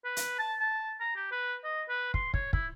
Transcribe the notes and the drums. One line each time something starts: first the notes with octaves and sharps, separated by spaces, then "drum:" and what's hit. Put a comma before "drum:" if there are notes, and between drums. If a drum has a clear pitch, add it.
B4
drum: hi-hat
A5
A5
A#5
G4
B4
D#5
B4
C6, drum: kick
C#5, drum: kick
E4, drum: kick